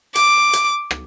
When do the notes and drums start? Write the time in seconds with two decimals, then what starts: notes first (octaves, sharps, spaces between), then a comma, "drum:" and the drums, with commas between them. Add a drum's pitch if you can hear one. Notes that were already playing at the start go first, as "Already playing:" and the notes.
0.15 D6, drum: hi-hat
0.53 drum: hi-hat
0.91 drum: rim click